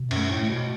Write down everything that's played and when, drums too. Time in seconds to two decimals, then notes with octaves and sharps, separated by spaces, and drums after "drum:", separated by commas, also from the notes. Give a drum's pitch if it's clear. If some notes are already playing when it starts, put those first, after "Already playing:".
Already playing: B2
0.11 F#2, drum: cymbal
0.17 A3
0.30 A2
0.43 A3
0.49 B2